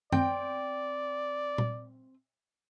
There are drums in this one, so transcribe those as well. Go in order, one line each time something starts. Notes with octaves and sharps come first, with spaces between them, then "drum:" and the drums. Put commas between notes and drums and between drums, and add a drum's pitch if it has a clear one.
C4 D5 G5, drum: tom F#2
drum: tom A#2